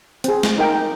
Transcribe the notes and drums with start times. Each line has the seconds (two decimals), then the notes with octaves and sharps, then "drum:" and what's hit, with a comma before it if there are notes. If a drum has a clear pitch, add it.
0.24 C4 G#4, drum: hi-hat
0.43 drum: snare
0.58 D#4 A#4 G5